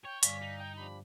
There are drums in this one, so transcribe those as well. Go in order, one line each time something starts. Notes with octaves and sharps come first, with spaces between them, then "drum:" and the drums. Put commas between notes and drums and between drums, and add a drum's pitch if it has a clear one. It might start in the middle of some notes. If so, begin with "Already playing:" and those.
C#5 G5
G2 D3 G3 D5 F5 G#5 B6, drum: hi-hat
D#4
G5
F3 D4 G4 B5